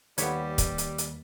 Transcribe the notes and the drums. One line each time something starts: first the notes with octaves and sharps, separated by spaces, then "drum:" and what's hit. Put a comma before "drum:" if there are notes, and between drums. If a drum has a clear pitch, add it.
D#2 G3 B3 C#5 B6, drum: hi-hat
drum: kick, hi-hat
drum: hi-hat
drum: hi-hat